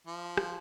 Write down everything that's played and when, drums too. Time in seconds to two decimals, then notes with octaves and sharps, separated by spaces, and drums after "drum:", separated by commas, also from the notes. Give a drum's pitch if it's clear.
0.07 F3
0.37 drum: rim click